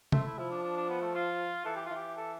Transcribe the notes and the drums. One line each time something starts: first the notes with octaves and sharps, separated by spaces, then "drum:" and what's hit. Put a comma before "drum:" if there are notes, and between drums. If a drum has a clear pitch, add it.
A3 C4, drum: tom C3
E4
F3 E4
D4
D4
D4
B3
A3
F4
E3 A4
G4
E3 F4
G4
A4